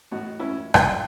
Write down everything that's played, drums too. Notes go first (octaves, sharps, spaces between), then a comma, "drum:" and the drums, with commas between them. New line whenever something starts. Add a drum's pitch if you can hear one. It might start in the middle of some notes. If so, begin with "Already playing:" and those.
A2 D#4 F#4
C#4 E4
drum: rim click